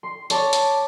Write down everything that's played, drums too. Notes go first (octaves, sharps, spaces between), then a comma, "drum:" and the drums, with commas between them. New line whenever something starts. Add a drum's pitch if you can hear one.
C6
C#5 A5 B5 D6, drum: hi-hat
drum: hi-hat